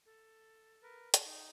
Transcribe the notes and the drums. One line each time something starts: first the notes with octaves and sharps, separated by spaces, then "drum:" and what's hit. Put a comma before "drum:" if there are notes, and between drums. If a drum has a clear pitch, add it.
A4
A#4 B4
drum: hi-hat
D#4